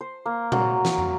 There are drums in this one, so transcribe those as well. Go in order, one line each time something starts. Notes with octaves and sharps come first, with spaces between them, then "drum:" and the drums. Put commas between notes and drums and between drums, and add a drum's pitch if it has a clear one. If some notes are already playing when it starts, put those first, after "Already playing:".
C5
A#3
F#3, drum: tom A#2
drum: snare
drum: tom